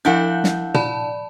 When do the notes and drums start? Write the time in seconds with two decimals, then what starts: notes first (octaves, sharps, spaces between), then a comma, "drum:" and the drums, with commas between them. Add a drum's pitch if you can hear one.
0.05 F3 D4 E4 F5 F#5 G6
0.44 drum: snare
0.74 D5 A5 B5, drum: tom A#2